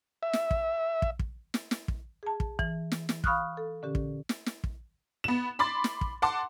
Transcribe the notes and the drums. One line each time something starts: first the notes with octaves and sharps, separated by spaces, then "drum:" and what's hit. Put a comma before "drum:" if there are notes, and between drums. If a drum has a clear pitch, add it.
E5
drum: snare
drum: kick
drum: kick
drum: kick
drum: snare
drum: snare
drum: kick
G#4 A5
drum: kick
E3, drum: kick
drum: snare
drum: snare
F5 B5 C#6 D#6 F6 F#6, drum: kick
A4
A#2 D3 C#4 G4
drum: kick
drum: snare
drum: snare
drum: kick
B3 E7
B5 C6 D6 A6
drum: snare
drum: kick
F#5 A5 C6 D6